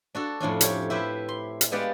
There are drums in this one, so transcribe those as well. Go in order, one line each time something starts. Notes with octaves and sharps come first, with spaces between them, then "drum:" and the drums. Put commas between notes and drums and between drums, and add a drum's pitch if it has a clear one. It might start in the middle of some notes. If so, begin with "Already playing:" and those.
D4 F#4 A4
F2 A2 C#4 D4
G4 C#5, drum: hi-hat
E4 G4 B4 C5 E5
C6
drum: hi-hat
G#3 B3 G4 D5 F5 F#5